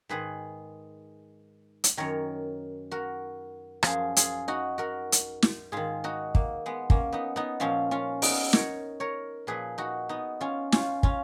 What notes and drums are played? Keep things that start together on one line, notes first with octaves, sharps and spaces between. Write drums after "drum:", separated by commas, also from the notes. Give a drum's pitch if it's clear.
G#2 D#3 G#4 B4
drum: hi-hat
F#2 D#3 A#4 C#5
F#4 A#4
F#2 F3 F4 G#4, drum: rim click
F4 G#4, drum: hi-hat
D#4 F#4
F#4 A#4
drum: hi-hat
drum: snare
G#2 D#3 F4 G#4
D#4 F#4
A#3, drum: kick
G#3 B3
A#3 C#4, drum: kick
B3 D#4
B3 D#4
A#2 F3 C#4 F4
C#4 F4
B3 D#4, drum: open hi-hat
A#4 C#5, drum: snare
A#4 C#5
A#2 F3 G#4 B4
D#4 F#4
B3 D#4
C#4 F4
C#4 F4, drum: snare
C#4 F4, drum: kick